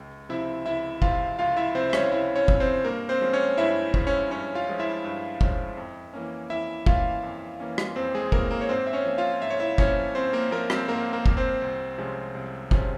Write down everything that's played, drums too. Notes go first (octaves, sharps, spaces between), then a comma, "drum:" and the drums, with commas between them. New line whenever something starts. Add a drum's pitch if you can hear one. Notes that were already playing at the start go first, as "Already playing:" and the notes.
Already playing: C#2
C3 F3 C4 E4 E5
C#2 E4 E5
C3 F3 C4 F4 F5, drum: kick F#1
C#2 F4 F5
E4 E5
C3 F3 C4 C5
E5
C#4 C#5, drum: rim click
C#2 E4 E5
C#4 C#5
C3 F3 C4, drum: kick F#1
C4 C5
G2 A#3 A#4
C4 C5
F3 G#3 C#4
C#4 C#5
G2 E4 E5
F3 G#3 C#4, drum: kick F#1
C#4 C#5
G2 C#4 C#5
F4 F5
F3 G#3 C#4
E4 E5
G2
F3 G#3 C#4, drum: kick F#1
F2
E3 A#3 C#4
F2 E4 E5
E3 A#3 C#4 F4 F5, drum: kick F#1
F2
E3 A#3 C#4
drum: rim click
F2 C4 C5
G#3 G#4
E3 A#3 C#4 A#4, drum: kick F#1
A#3 A#4
C#5
G#2 C4 C5
E5
C#4 C#5
F3 A#3
F4 F5
G#2 E5
C#5
E4 E5
F3 A#3 C#4 C#5, drum: kick F#1
G#2 C4 C5
A#3 A#4
F3 A#3 A#4
C4 C5, drum: rim click
G#2 A#3 A#4
A#3 A#4
F3 A#3, drum: kick F#1
C4 C5
C2
C3 F3 G#3 C#4
C2
C3 F3 G#3 C#4, drum: kick F#1